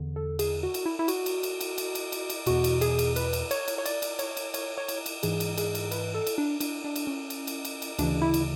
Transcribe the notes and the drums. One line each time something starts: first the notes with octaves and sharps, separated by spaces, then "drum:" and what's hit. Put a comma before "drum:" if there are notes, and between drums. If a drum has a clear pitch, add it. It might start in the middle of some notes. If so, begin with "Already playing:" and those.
Already playing: E2 D3
A4
G#4, drum: cymbal
F#4
drum: cymbal
E4
E4
F#4, drum: cymbal
drum: cymbal
drum: cymbal
drum: cymbal
drum: cymbal
drum: cymbal
drum: cymbal
drum: cymbal
E2 B2 F#4, drum: cymbal
drum: cymbal
G#4, drum: cymbal
drum: cymbal
B4, drum: cymbal
drum: cymbal
C#5, drum: cymbal
drum: cymbal
C#5
D5, drum: cymbal
drum: cymbal
C#5, drum: cymbal
drum: cymbal
C#5, drum: cymbal
C#5
drum: cymbal
drum: cymbal
G#2 E3 G#4, drum: cymbal
drum: cymbal
G#4, drum: cymbal
drum: cymbal
B4, drum: cymbal
A4
drum: cymbal
D4
D4, drum: cymbal
D4
drum: cymbal
C#4
drum: cymbal
drum: cymbal
drum: cymbal
drum: cymbal
D2 C#3 E3 D4, drum: cymbal
E4
drum: cymbal